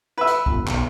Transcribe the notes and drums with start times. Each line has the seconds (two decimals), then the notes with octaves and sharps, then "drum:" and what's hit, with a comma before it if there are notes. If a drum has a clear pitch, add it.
0.18 B4 E5
0.27 drum: hi-hat
0.46 G1, drum: kick
0.67 B1, drum: clap